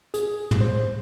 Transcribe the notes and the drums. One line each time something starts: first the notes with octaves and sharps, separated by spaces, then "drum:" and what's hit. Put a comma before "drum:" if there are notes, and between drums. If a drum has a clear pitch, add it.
G#4, drum: hi-hat
drum: tom
C5